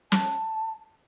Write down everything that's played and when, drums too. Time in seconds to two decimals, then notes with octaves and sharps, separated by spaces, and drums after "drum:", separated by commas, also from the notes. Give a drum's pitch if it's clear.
0.12 A5, drum: snare